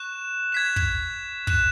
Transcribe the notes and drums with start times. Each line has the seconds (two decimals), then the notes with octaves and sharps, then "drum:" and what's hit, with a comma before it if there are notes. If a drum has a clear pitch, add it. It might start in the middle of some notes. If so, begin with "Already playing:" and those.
Already playing: C#6 F#6 E7
0.52 G#6 B6 E7
0.76 drum: kick
1.47 F#6 E7, drum: kick